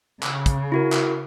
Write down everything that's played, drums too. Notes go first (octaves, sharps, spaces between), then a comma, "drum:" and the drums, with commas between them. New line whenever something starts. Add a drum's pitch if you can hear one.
C#3, drum: clap
drum: kick, hi-hat
E4 F#4 A#4
drum: clap